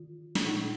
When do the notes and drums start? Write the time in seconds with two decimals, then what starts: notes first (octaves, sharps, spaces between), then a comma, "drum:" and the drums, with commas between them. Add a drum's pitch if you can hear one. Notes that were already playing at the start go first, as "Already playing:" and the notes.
Already playing: D#3 F4
0.35 drum: snare
0.45 A#2 G#3 D#4